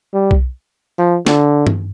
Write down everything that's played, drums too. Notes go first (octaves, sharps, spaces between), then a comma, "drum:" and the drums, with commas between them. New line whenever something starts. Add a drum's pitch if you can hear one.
G3
drum: kick B1
F3
D3, drum: snare
drum: tom G2